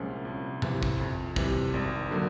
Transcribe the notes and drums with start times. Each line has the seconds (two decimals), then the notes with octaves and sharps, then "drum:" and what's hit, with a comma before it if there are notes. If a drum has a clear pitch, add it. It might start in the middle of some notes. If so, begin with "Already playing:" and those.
Already playing: C2 A#2 F3 G#3 C#4
0.25 C2
0.62 C3 E3, drum: tom G#2
0.83 drum: kick
1.00 F2
1.36 C3 E3 G3, drum: kick
1.74 G#1
2.11 D3 F#3 A#3